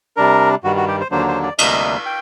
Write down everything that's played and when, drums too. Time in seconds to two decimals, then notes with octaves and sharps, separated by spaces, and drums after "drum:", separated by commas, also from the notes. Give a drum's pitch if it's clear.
0.17 C3 G3 D4 A#4
0.64 G2 D#3 G3 F#4
0.77 F#4
0.88 G4
1.00 C5
1.11 D#2 D3 F#3 A#3 D4 C5
1.28 C5
1.43 D5
1.58 D2 C3 G3 A#3 D4 D#5, drum: cymbal
2.06 G5